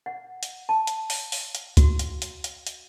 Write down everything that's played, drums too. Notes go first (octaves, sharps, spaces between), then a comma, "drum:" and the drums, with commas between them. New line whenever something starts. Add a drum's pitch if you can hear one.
F#5
drum: hi-hat
A5
drum: hi-hat
drum: open hi-hat
drum: open hi-hat
drum: hi-hat
F#4, drum: kick C#2, hi-hat
drum: hi-hat
drum: hi-hat
drum: hi-hat
drum: hi-hat